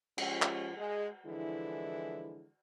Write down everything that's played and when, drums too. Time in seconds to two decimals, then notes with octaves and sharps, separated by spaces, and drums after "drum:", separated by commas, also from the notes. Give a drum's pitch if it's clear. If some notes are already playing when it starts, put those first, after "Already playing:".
0.18 F3 G#3 C#4 F4 G4, drum: cymbal
0.42 drum: clap
0.77 G#3
1.26 D3 E3 F3 G#3 E4